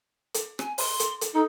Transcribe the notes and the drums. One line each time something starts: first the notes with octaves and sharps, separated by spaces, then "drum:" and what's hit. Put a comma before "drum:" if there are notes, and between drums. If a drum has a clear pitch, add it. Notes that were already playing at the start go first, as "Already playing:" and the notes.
drum: hi-hat
G#5, drum: rim click
C6, drum: open hi-hat
drum: hi-hat
drum: hi-hat
D#4 A4